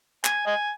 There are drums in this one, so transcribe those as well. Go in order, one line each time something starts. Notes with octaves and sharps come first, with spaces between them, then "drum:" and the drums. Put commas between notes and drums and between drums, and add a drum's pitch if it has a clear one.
G#5, drum: clap
D#5 G#5